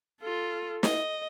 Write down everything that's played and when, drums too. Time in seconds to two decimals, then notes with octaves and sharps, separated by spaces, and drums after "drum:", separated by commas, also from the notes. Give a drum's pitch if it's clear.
0.21 F4 A4
0.83 D#5, drum: snare